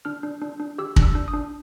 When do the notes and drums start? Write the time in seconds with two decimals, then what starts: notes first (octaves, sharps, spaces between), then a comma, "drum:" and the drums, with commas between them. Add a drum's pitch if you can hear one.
0.05 D4 F6
0.23 D4
0.42 D4
0.60 D4
0.78 G4 E6
0.96 D4, drum: kick
1.03 E6
1.15 D4
1.28 D#6
1.33 D4